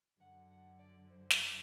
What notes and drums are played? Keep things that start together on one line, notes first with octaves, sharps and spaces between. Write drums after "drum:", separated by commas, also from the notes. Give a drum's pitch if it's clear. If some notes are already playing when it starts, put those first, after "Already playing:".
F#2 D3 F#3 F#5
F#5
D5
C5
drum: snare